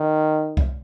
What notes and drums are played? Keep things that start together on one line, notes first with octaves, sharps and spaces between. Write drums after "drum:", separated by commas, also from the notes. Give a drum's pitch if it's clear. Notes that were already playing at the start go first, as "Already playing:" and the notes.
Already playing: D#3
drum: kick C2